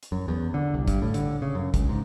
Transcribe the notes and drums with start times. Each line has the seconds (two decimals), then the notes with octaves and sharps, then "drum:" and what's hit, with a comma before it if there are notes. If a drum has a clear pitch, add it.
0.03 drum: hi-hat
0.12 F#2
0.28 E2
0.54 D3
0.74 C2
0.88 G2, drum: kick, hi-hat
1.02 A2
1.14 D3, drum: hi-hat
1.42 C#3
1.55 F#2
1.74 C#2, drum: kick, hi-hat
1.89 G#2